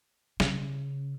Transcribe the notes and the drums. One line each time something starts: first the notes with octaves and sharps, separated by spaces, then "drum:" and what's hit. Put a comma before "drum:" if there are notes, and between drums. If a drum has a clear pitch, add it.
C#3, drum: snare